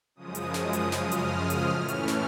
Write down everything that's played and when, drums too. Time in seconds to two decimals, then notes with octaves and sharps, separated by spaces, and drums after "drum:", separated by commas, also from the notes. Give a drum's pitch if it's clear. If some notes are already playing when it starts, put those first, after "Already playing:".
0.15 F#2 C#3 F3 G#3 D#6
0.35 drum: hi-hat
0.54 drum: snare
0.73 drum: hi-hat
0.92 F6, drum: snare
1.12 drum: hi-hat
1.50 drum: hi-hat
1.69 A2 E3 A3 C#4
1.88 drum: hi-hat
2.08 drum: snare